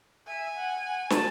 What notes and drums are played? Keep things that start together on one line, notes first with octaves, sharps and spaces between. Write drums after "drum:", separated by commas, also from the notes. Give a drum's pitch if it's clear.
E5 G#5
F#5
F#5
A5, drum: snare